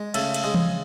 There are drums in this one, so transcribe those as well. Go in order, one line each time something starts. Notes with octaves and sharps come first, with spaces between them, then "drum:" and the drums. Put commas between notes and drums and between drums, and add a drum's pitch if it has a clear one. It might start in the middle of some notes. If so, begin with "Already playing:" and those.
Already playing: G#3
C#3 A3 A4, drum: cymbal
drum: cymbal
G#3 G#4
drum: tom E3